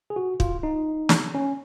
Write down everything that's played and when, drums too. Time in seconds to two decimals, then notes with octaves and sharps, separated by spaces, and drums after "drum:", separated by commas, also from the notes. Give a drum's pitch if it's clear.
0.10 G#4
0.16 F#4
0.40 F4, drum: kick
0.63 D#4
1.09 drum: snare
1.35 C#4